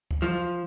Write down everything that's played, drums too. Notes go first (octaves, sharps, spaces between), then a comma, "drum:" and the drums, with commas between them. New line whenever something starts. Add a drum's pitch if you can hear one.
drum: kick
F3